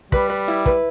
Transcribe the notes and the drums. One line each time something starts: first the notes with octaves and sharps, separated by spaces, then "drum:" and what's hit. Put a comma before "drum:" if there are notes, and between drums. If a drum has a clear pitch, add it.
G3 B4, drum: kick
B4
E4
B4, drum: kick